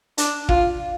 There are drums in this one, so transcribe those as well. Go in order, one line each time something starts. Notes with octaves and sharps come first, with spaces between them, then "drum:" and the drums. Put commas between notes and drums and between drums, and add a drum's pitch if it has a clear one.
D4, drum: hi-hat
F4, drum: kick